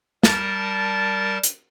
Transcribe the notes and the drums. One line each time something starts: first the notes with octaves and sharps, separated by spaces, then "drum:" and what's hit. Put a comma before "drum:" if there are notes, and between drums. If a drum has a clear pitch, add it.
G3 A#4 A5 A6, drum: snare
drum: hi-hat